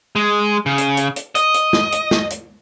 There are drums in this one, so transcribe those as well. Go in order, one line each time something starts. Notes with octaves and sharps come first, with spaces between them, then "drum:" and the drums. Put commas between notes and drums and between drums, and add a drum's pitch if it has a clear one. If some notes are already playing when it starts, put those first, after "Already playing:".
G#3
C#3
drum: hi-hat
drum: hi-hat
drum: hi-hat
D#5, drum: hi-hat
drum: hi-hat
drum: snare
drum: hi-hat
drum: snare
drum: hi-hat